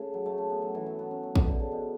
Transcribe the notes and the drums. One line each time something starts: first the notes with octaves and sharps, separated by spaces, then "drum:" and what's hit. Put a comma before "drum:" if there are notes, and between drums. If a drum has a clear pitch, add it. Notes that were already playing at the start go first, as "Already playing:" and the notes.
Already playing: C#3 A3
F#3
A3
C#4
B3
F#3
E3
F#3
B3
C#4
F#3
E3, drum: kick
D3
C#3
B2